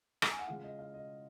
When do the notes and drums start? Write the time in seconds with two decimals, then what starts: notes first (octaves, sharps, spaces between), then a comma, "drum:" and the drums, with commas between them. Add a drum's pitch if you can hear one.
0.22 A#5, drum: rim click
0.31 G#5
0.39 F#5
0.47 C#3 G#3 C#4 F4 F5
0.64 D#5
0.79 F5
0.94 D#5